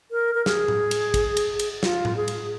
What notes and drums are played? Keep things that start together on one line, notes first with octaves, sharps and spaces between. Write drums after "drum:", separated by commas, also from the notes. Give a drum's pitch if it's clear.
A#4
A#4
G#4, drum: snare
drum: tom A2
drum: cymbal
drum: kick, cymbal
drum: cymbal
drum: cymbal
F4, drum: snare
drum: tom A2
G#4
drum: cymbal